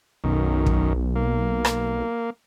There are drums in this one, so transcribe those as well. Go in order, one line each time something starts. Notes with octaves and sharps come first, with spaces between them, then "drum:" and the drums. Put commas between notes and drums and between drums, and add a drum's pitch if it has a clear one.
B1 F#2 D#3
drum: kick
A#3
drum: rim click